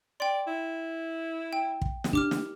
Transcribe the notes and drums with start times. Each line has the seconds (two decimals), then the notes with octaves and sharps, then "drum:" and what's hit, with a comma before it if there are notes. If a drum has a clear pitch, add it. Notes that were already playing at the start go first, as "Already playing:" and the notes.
0.20 D5 G5 C6
0.47 E4
1.53 G5
1.82 drum: kick
2.04 drum: snare
2.13 D4 G4 D6 F6
2.31 drum: snare